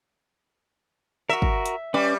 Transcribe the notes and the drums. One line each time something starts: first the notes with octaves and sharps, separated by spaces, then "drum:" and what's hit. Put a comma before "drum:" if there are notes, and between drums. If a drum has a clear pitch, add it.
F#4 A#4 E5
drum: kick
drum: hi-hat
G3 C#4 B4 D6